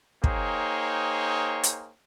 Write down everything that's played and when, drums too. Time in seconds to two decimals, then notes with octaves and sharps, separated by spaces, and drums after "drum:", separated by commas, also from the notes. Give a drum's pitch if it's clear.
0.24 A#3 D#4 G#4 C5 C#5 G5, drum: kick
1.63 drum: hi-hat